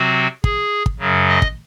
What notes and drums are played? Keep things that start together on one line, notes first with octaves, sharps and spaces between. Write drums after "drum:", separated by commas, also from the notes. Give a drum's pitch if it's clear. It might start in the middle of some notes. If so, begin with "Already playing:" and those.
Already playing: C3 F#3 C4 F#4
G#4, drum: kick
drum: kick
F#2 C#3 F#3
D#5
drum: kick